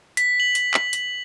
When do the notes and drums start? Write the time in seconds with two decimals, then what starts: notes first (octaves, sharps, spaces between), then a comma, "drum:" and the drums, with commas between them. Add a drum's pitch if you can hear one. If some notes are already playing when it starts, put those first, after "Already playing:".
0.17 B6, drum: hi-hat
0.40 F#7
0.55 drum: hi-hat
0.74 drum: clap
0.93 drum: hi-hat